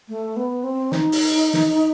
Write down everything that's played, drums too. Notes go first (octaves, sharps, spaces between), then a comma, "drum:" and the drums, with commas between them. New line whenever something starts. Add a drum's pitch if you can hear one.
A3
B3
C4
D#4, drum: snare
drum: open hi-hat
drum: snare